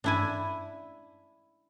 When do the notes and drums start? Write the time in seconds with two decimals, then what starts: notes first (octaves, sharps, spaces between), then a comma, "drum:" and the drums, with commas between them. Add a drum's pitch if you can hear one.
0.04 D4 E4 G#5, drum: tom G2